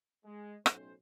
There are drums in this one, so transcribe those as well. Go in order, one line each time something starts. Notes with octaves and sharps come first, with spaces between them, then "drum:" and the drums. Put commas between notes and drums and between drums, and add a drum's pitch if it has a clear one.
G#3
B1 A2 C#4 C5, drum: rim click